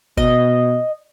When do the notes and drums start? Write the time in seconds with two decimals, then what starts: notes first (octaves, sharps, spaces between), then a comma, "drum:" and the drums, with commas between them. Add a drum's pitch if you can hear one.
0.17 B2 D#5, drum: kick F#1